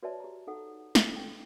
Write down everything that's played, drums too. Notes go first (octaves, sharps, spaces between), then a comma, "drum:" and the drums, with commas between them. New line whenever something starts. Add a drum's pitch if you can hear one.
F#4 B4 C#5 D5 E5 A5
G4 A#5
D#4 A4 F#5
drum: snare
A4 G5